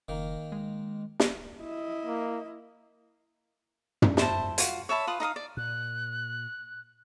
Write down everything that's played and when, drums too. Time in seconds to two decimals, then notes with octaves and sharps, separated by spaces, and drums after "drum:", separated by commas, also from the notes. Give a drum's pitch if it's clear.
0.08 F#1 D#3 A#3
0.52 G#3
1.20 drum: snare
1.61 E4 D#5
2.05 A#3
4.02 drum: tom
4.17 E4 C5 A5, drum: snare
4.58 F4 F#4, drum: hi-hat
4.89 C#5 E5 A5 B5
5.07 F4 B4 B5 D#6
5.20 D#4 D#5 F5 D#6
5.36 D5
5.57 A#2 F#6